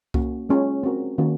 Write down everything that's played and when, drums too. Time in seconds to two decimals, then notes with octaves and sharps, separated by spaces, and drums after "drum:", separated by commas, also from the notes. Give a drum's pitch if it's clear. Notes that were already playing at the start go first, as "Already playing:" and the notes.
0.14 A#3 C#4 F#4, drum: kick C2
0.49 G#3 C#4 F4 G#4 C#5
0.83 C4 F#4 A#4
1.18 D#3 A#3 C#4 F#4